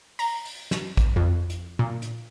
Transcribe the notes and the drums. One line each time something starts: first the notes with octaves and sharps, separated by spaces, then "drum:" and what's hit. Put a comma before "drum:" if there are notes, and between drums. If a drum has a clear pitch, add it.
A#5, drum: open hi-hat
drum: open hi-hat
drum: snare
drum: kick, hi-hat
F2
drum: hi-hat
A#2
drum: hi-hat